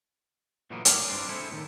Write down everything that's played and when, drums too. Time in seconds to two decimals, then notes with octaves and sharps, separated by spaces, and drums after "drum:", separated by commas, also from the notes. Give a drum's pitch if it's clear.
0.70 A#2 D3 E3 F#3 A#3 B3
0.85 A2 A#3 G4 G#4 A#4 F5, drum: hi-hat
1.09 G2 G3 C4 D4 F4
1.29 C4 D4 E4 G#4 A4 C5
1.51 A2 D#3